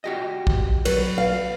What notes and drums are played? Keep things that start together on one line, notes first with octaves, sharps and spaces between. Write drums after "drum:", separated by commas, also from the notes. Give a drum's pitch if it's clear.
F#4 G4 D#5
drum: kick A#1
F#3 B4, drum: cymbal
F5